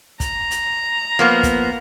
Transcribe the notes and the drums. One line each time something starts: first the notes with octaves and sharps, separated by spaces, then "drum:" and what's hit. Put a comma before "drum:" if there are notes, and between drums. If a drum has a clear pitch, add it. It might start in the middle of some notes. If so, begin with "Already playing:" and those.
A#5, drum: kick, hi-hat
drum: hi-hat
F3 A#3 B3
drum: kick, hi-hat